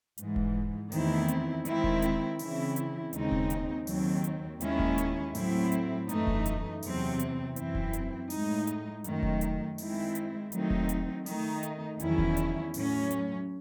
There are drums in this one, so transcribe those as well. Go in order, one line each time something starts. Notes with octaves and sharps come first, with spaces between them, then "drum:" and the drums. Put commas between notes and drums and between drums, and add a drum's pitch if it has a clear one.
G#2 E3 G#3, drum: hi-hat
drum: kick E1
E2 D#3 A3 C4 E4, drum: open hi-hat
drum: hi-hat
D#3 G#3 C4 E4, drum: hi-hat
drum: kick E1
drum: hi-hat
C#3 E3 C4 E4, drum: open hi-hat
drum: hi-hat
D#2 C#3 G#3 C4 D#4, drum: hi-hat
drum: kick E1
drum: hi-hat
D#2 D#3 F#3 C4, drum: open hi-hat
drum: hi-hat
D#2 D#3 G#3 C#4 E4, drum: hi-hat
drum: kick E1
drum: hi-hat
A2 F#3 A3 C4 E4, drum: open hi-hat
drum: hi-hat
F#2 E3 A3 D#4, drum: hi-hat
drum: kick E1
drum: hi-hat
E2 C3 F#3 C4, drum: open hi-hat
drum: hi-hat
F#2 E3 C4 E4, drum: hi-hat
drum: kick E1
drum: hi-hat
A2 G#3 D#4, drum: open hi-hat
drum: hi-hat
F#2 D#3 A3, drum: hi-hat
drum: kick E1
drum: hi-hat
D#3 G#3 C4 E4, drum: open hi-hat
drum: hi-hat
D#3 F#3 A3 C4 D#4, drum: hi-hat
drum: kick E1
drum: hi-hat
D#3 A3 D#4, drum: open hi-hat
drum: hi-hat
E2 D#3 F#3 C#4 E4, drum: hi-hat
drum: kick E1
drum: hi-hat
A2 F#3 C#4, drum: open hi-hat
drum: hi-hat